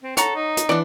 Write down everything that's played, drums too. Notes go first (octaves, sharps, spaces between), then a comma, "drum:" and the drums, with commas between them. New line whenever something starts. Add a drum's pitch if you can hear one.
C4
A4 C#5 F#5 A#5, drum: hi-hat
D#4
drum: hi-hat
E3 D4 D5 F#5